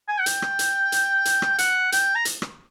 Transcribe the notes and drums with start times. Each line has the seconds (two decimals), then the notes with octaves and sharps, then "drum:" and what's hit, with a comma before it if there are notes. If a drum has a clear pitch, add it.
0.08 G#5
0.19 F#5
0.26 G5, drum: hi-hat
0.42 drum: rim click
0.59 drum: hi-hat
0.92 drum: hi-hat
1.25 drum: hi-hat
1.42 drum: rim click
1.58 F#5, drum: hi-hat
1.92 G5, drum: hi-hat
2.15 A#5
2.25 drum: hi-hat
2.42 drum: rim click